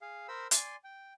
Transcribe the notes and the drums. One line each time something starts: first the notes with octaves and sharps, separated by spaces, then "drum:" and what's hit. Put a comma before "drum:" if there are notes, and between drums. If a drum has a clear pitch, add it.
G#4 F5
A#4 C5 B5 E6
D5 G#5 C6, drum: hi-hat
G5